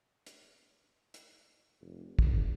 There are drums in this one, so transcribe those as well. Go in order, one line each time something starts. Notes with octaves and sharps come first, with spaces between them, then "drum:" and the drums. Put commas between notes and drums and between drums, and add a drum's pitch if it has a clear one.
drum: hi-hat
drum: hi-hat
F1
F#1, drum: kick